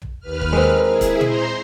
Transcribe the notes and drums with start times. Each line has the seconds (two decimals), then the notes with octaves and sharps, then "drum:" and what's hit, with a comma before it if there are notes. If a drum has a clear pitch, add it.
0.02 drum: tom
0.20 D#2 B4 F6
0.41 drum: kick
0.53 G#3 C4 A#4
0.87 E4 G#4
1.01 drum: kick, hi-hat
1.21 C5 A#5 C6, drum: tom